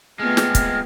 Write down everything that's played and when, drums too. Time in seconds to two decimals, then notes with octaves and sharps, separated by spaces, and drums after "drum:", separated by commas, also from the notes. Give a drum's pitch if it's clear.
0.19 G#3 A3 B3 C4 F4 F6
0.37 drum: snare
0.55 drum: kick, hi-hat